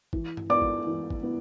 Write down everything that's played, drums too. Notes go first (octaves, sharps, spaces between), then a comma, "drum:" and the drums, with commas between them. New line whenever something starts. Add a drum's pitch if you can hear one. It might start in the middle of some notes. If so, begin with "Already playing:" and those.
E3, drum: kick G#1
drum: tom G2
B3 E4 D5 D6
drum: kick G#1
E3
drum: kick G#1
B3 E4